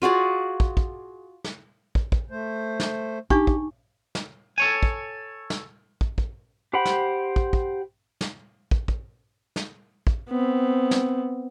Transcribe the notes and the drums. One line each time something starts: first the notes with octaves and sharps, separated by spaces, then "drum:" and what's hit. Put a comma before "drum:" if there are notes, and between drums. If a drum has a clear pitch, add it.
F4 F#4 G#4 D5
drum: kick
drum: kick
drum: snare
drum: kick
drum: kick
A3 C5
drum: snare
D4 D#4 G4 C#6, drum: kick
drum: kick
drum: snare
A4 C#5 G#5
drum: kick
drum: snare
drum: kick
drum: kick
G4 C5 F#5 G5 B5
drum: snare
drum: kick
drum: kick
drum: snare
drum: kick
drum: kick
drum: snare
drum: kick
B3 C4
drum: snare